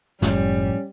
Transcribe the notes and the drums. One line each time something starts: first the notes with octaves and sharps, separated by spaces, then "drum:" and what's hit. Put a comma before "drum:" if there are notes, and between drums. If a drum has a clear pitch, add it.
F#1 A2 F3 G3 C#4, drum: snare